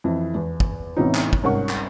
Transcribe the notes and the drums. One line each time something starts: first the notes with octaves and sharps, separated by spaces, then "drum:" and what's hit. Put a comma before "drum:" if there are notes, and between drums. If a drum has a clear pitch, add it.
F2 E3
E2
drum: kick
A2 C3 E3 B3 C#4 D#4
drum: clap
drum: kick
C2 G#2 C#4 A#4 F#5 C#6
drum: clap